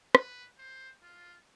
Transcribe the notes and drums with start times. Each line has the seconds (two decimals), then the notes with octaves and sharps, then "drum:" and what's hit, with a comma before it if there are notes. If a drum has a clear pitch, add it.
0.15 B4, drum: rim click
0.58 C5
1.03 F4